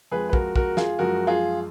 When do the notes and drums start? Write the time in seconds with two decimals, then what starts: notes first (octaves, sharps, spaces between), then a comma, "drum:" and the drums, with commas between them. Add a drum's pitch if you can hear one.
0.11 F2 F3 G#3 G#4 B4
0.29 B4
0.33 F#4 A#4, drum: kick
0.56 F#4 A#4, drum: kick
0.77 F4 G#4, drum: snare
0.99 F#2 F3 G#3 F#4 A#4
1.27 F4 G#4